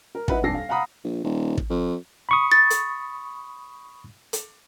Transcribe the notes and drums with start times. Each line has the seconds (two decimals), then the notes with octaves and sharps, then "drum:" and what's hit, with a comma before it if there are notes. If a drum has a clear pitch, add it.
0.15 A#4
0.28 D#4 E4 B4 F#5, drum: kick
0.42 D#1 F2 D4 A4 A#6 C7
0.54 F5
0.69 F5 F#5 A#5 B5 D#6
1.05 A#1
1.24 D#1
1.57 drum: kick
1.70 F2
2.29 B5 C#6 D#6
2.52 A6
2.70 drum: hi-hat
4.33 drum: hi-hat